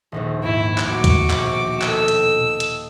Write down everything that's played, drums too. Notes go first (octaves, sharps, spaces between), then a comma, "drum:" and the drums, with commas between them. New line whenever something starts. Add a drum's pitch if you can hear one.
D#1 A#1 D#2
G#2 E4
drum: clap
A2 F#4 D6
drum: kick, hi-hat
A#1 B2, drum: clap
A4 D#5 G5 E6, drum: clap
drum: hi-hat
drum: hi-hat